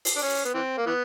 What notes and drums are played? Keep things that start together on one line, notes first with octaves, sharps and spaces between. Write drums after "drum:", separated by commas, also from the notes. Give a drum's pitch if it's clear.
drum: open hi-hat
D4
C#4
B3
E3 C4
A#3
E3 B3